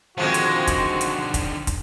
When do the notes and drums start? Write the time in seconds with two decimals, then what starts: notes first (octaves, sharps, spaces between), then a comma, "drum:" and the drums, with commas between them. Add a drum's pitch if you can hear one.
0.18 D3 D#3 F3 G#3 C4 F#4
0.34 drum: hi-hat
0.67 drum: kick, hi-hat
1.01 drum: hi-hat
1.34 drum: kick, hi-hat
1.67 drum: kick, hi-hat